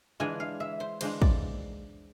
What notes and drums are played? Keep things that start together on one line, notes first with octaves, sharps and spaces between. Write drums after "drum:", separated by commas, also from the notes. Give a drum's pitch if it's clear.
E3 G#3 D4 F4 G#5
F5
E5
C5
E3 G#3 D4 F4 C5, drum: cymbal
D5, drum: kick